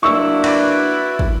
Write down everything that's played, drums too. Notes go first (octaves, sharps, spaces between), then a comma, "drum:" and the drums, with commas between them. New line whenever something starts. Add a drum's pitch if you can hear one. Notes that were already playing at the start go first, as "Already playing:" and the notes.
F#3 A#3 D4 E4 C#6 E6
F#4 B4 D5, drum: cymbal
drum: kick